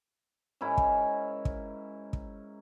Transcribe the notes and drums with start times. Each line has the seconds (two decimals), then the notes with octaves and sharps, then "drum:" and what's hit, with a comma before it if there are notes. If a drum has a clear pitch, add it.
0.61 G#2 C#4 E4 A#4
0.78 drum: kick
1.45 drum: kick
2.13 drum: kick